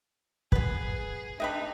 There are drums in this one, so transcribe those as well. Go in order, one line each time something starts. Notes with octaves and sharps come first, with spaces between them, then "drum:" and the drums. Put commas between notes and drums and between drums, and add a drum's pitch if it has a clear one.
B3 G#4 B4, drum: kick
D4 D#4 B4 D#5 E5 G5 B5